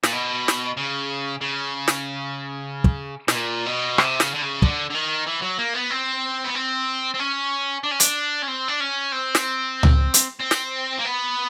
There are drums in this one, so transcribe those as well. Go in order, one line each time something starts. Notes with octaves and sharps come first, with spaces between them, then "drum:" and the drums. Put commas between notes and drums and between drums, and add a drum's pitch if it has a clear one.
A#2, drum: snare
B2
drum: snare
C#3
C#3
drum: snare
drum: kick
B2, drum: snare
A#2
B2
C3, drum: rim click
C#3, drum: snare
D3
C#3
D3, drum: kick
D3
D#3
E3
F#3
A#3
B3
C4
B3
C4
C4
C#4
D4
C#4
D4, drum: hi-hat
C#4
C4
D4
C#4
C4
drum: snare
drum: tom C#2
drum: hi-hat
C4
drum: snare
A#3
B3